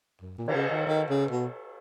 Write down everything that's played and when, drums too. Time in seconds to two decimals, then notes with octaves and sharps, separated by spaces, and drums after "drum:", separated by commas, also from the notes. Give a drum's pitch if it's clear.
0.21 F#2
0.38 A#2
0.47 D#3, drum: cymbal
0.54 C#3
0.71 D#3
0.87 D#3
1.10 C#3
1.31 B2